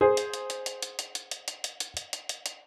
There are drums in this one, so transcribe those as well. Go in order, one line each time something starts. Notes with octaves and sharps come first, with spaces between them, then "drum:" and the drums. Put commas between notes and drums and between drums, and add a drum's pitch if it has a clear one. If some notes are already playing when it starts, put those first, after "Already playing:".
G#4 C5
drum: hi-hat
drum: hi-hat
drum: hi-hat
drum: hi-hat
drum: hi-hat
drum: hi-hat
drum: hi-hat
drum: hi-hat
drum: hi-hat
drum: hi-hat
drum: hi-hat
drum: hi-hat
drum: hi-hat
drum: hi-hat
drum: hi-hat